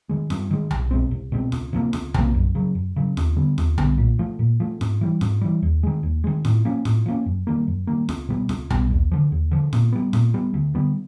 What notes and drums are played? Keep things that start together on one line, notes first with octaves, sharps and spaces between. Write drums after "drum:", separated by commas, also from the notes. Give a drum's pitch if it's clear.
D#3 G#3
G2, drum: snare
D#3 G#3
C2, drum: tom B1
B2 G#3 C4
C2
B2 G#3 C4
C#2, drum: snare
C3 F3 A#3
C#2, drum: snare
C3 F3 A#3, drum: tom B1
F#2
C#3 F#3
F#2
C#3 F#3
D#2, drum: snare
D3 G3 B3
D#2, drum: snare
D3 G3 B3, drum: tom B1
A#2
F3 A3
A#2
F3 A3
G#2, drum: snare
E3 G3
G#2, drum: snare
E3 G3
D#2
D#3 G#3
D#2
D#3 G#3
A2, drum: snare
F3 A#3 C#4
A2, drum: snare
F3 A#3 C#4
F#2
D#3 G3 A#3
F#2
D#3 G3 A#3
C#2, drum: snare
B2 G3 B3
C#2, drum: snare
B2 G3 B3, drum: tom B1
D#2
D3 F3
D#2
D3 F3
A#2, drum: snare
G3 B3
A#2, drum: snare
G3 B3
D2
D3 G3 B3